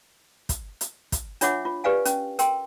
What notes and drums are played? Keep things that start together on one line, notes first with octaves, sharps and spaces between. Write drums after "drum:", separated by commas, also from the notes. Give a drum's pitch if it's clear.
drum: kick, hi-hat
drum: hi-hat
drum: kick, hi-hat
D4 F4 C#5 E5 F#5 D6, drum: hi-hat
F4
G4 B4 D5 F5 G#5
C#4, drum: hi-hat
A#4 G5 C6, drum: hi-hat